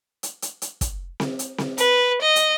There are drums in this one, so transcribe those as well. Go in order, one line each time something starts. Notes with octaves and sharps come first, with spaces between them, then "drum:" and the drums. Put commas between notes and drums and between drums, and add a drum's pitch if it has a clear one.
drum: hi-hat
drum: hi-hat
drum: hi-hat
drum: kick, hi-hat
drum: snare C4
drum: hi-hat
drum: snare C4
B4, drum: hi-hat
D#5
drum: hi-hat